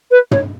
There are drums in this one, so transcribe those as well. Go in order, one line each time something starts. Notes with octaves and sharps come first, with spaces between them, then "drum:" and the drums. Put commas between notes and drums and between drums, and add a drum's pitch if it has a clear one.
B4
C#5, drum: tom